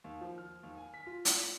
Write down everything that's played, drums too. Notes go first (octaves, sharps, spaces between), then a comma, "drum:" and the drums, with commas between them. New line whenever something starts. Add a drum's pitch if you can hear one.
D#2
F3
F6
D#2
G#5
B6
F4
drum: hi-hat